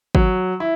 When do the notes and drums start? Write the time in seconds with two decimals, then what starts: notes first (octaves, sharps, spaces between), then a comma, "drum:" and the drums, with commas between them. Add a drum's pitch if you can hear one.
0.15 F#3, drum: kick
0.60 E4